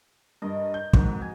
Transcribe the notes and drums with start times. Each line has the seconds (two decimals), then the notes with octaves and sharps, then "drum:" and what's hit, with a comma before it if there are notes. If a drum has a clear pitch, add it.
0.42 G2 A#4 D#5
0.74 G6
0.94 F2 G#2 F#4 A#4 C#6, drum: kick
1.22 G#5